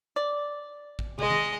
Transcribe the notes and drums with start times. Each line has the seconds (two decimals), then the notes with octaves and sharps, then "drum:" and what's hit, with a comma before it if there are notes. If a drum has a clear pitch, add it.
0.16 D5
0.99 drum: kick
1.19 G#3 D#5, drum: tom
1.30 drum: tom D#3